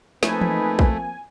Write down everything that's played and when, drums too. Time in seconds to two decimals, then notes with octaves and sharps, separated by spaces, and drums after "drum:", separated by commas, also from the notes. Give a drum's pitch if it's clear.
0.23 F3 A3 A#3 C4 D#4 B4 G#5, drum: snare
0.41 drum: tom E3
0.79 drum: kick